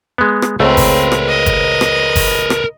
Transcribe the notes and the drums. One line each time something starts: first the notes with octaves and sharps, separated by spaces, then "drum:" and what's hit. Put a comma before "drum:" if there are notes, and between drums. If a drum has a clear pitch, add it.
G#3 B3
drum: rim click
C#2 A3 C4 A#4 B4
drum: kick G1, open hi-hat
drum: rim click
D#5
drum: kick G1, hi-hat
drum: rim click
drum: kick G1, open hi-hat
drum: rim click